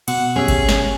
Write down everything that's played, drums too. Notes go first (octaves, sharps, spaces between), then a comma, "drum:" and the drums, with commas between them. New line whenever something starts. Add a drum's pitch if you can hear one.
B2 F#5, drum: cymbal
C#4 G4 G#4 E5
drum: kick G#1, cymbal
drum: snare